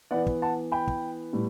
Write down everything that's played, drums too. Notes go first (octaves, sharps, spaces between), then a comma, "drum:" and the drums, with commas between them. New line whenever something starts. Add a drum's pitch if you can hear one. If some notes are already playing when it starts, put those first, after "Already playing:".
E3 B3 D5 F#5
drum: kick
F#5 A5
G5 B5
drum: kick
A2 G3 B3